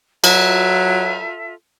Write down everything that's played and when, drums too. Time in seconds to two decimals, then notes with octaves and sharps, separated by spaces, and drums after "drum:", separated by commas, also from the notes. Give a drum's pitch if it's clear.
0.24 F#3 F4 A4 E5, drum: cymbal